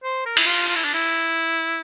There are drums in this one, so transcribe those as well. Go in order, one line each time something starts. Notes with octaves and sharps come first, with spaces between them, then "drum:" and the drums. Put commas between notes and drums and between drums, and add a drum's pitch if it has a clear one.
C5
A#4
E4, drum: cymbal
F4
F4
E4
D4
E4